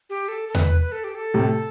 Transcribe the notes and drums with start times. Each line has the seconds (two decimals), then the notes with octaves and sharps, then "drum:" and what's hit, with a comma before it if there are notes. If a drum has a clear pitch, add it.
0.10 G4
0.28 A4
0.48 A4
0.55 B4, drum: tom E2
0.81 B4
0.92 A4
1.04 G4
1.15 A4
1.34 A2 C3